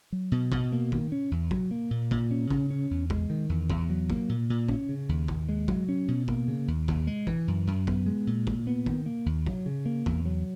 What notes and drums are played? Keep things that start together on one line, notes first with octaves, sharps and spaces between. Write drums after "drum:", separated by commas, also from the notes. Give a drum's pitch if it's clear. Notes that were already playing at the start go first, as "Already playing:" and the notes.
F#3
B2
B2, drum: kick
A#3
D#3, drum: kick
C#4
E2
F#3, drum: kick
A#3
A#2
A#2, drum: kick
C#4
C#3, drum: kick
C#4
E2
G#3, drum: kick
D#3
E2
E2, drum: kick
F#3
A#3, drum: kick
A#2
A#2
C#4, drum: kick
C#3
D#2
D#2, drum: kick
G#3
F#3, drum: kick
C#4
B2
A#3, drum: kick
C#3
D#2
D#2, drum: kick
G#3
E3, drum: kick
F#2
F#2
B3, drum: kick
G#3
A#2
A#2, drum: kick
B3
D#3, drum: kick
A#3
D#2
F#3, drum: kick
C#3
A#3
E2, drum: kick
F#3